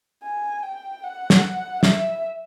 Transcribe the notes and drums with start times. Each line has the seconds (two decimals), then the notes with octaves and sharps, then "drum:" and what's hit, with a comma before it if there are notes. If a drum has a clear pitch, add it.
0.24 G#5
0.63 G5
1.03 F#5
1.30 drum: snare
1.83 E5, drum: snare